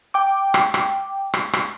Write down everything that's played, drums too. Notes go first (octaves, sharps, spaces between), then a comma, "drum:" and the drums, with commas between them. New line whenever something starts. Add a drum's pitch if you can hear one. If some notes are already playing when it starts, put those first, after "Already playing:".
G5 D6
drum: rim click
drum: rim click
drum: rim click
drum: rim click